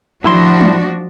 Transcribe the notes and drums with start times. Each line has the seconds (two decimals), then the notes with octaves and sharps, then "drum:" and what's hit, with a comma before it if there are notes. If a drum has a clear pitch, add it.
0.24 A2 F3 D4 E4 F#4 C6, drum: tom
0.61 drum: tom